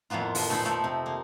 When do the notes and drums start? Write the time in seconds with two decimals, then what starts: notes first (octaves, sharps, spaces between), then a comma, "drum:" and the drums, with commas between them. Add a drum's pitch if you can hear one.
0.10 F2 A2 A#3 B3 F4
0.35 F3, drum: open hi-hat
0.49 A#2 A3 D#4 A4 C5 B5
0.65 F3 A3 A4
0.84 C3
1.06 A#3